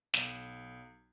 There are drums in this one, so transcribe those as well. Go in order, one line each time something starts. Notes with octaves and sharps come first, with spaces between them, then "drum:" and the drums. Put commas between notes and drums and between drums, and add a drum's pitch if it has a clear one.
B1, drum: snare